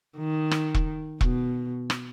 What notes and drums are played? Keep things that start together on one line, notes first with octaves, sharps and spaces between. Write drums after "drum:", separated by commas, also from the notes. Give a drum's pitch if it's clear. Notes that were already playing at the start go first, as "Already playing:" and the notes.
D#3
drum: rim click
drum: kick E1
B2, drum: kick E1
drum: rim click